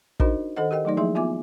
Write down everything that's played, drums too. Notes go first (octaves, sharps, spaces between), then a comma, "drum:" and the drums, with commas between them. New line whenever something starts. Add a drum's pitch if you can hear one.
D4 D#4 F#4 A#4 C5 D#5, drum: kick
D#3 A4 C5 D#5 F#5
G4 A#4 D#5 G5
F#3 A3 D#4 D5
F3 A#3 E4 G#4 E5 C6
B3 F4 E5 G#5 D6